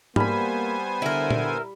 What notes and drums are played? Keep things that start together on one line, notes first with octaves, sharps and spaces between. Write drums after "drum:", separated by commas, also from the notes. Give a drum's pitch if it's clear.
G3 A#3 B3 C5 G#5 B5, drum: tom G#2
D3 E4 A#4
drum: tom A#2